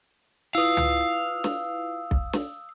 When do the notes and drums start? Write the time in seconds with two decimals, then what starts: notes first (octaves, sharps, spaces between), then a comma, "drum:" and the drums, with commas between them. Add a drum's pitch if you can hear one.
0.55 E4 F4 B4 F5 D#6 E6
0.77 drum: tom
1.44 drum: snare
2.11 drum: kick B1
2.33 drum: snare